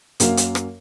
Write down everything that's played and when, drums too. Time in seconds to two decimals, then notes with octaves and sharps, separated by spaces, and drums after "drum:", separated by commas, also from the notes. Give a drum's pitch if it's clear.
0.20 F#2 A#3 F#4 F5, drum: hi-hat
0.37 drum: hi-hat
0.55 drum: rim click